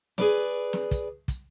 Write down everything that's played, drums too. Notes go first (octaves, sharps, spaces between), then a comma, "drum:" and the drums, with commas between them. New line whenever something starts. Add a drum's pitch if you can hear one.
G#4 B4 D5, drum: snare
drum: snare
drum: kick, hi-hat
drum: kick, hi-hat